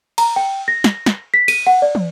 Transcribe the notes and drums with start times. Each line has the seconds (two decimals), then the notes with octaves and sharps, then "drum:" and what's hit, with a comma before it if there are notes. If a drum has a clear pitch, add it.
0.18 A#5, drum: cymbal
0.36 G5
0.68 A#6
0.84 drum: snare
1.06 drum: snare
1.34 B6
1.48 D#7, drum: cymbal
1.67 F#5
1.82 D5
1.95 drum: tom